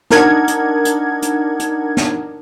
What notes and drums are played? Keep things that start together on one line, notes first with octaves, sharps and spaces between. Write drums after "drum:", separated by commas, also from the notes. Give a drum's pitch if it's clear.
D4 D#4 A#4 F#5 G#6, drum: snare
drum: hi-hat
drum: hi-hat
drum: hi-hat
drum: hi-hat
drum: snare